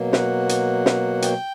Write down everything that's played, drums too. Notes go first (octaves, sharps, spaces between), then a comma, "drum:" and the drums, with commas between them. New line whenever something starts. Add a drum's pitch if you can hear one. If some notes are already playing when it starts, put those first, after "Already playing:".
Already playing: B2 F#3 A#3
F#5, drum: snare
drum: hi-hat
drum: snare
G5, drum: hi-hat